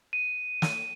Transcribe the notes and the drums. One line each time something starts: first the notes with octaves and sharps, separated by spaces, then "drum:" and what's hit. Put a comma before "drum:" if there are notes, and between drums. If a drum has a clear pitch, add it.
D#7
drum: snare